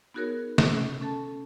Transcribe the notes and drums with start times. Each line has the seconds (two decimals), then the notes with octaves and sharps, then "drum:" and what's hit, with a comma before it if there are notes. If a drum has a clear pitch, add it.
0.14 B3 D#4 F#4 G#4 A#4 C#5
0.58 drum: snare
0.68 C3 C#4
1.01 C#4 A4 A5